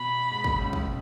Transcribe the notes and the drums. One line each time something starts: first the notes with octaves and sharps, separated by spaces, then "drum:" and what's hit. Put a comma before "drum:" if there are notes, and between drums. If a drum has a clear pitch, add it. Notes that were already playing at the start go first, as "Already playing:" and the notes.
Already playing: B2 B5
G#2
B2, drum: kick
C#2 C#3
drum: kick